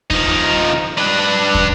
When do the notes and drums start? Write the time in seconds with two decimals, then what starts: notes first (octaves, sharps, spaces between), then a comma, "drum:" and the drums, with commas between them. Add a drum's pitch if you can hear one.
0.10 F3 D#4, drum: kick
0.98 D4 B4
1.54 drum: kick